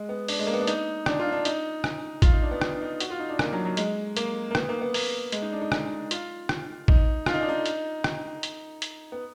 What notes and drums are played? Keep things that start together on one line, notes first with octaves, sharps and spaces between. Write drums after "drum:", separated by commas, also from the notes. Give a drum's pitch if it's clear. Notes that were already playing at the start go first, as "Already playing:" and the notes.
Already playing: G#3
B3
D4, drum: open hi-hat
G#3
A#3
B3
D4
D#4, drum: hi-hat
D4, drum: rim click
F4
D4
D#4, drum: hi-hat
drum: rim click
F4, drum: kick A1, hi-hat
D#4
D4
B3
drum: rim click
D#4
F#4, drum: hi-hat
F4
D#4
D4
A#3, drum: rim click
F#3
F#3
G#3, drum: hi-hat
A#3, drum: hi-hat
A#3
B3, drum: rim click
A#3
B3
A#3, drum: open hi-hat
G#3, drum: hi-hat
D#4
D4
D#4
drum: rim click
F4, drum: hi-hat
drum: rim click
D#4, drum: kick A1
F4, drum: rim click
D#4
D4
D#4
drum: hi-hat
drum: rim click
drum: hi-hat
drum: hi-hat
B3